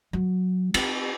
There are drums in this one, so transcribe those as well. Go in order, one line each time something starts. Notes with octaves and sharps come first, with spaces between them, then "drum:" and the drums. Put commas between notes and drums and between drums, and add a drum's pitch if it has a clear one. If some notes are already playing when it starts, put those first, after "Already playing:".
F#3
C4, drum: cymbal